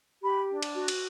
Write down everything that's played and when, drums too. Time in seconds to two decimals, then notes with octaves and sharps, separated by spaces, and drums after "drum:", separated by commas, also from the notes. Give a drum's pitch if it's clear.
0.23 G4 B5
0.49 D4
0.63 drum: cymbal
0.75 F#4
0.88 drum: cymbal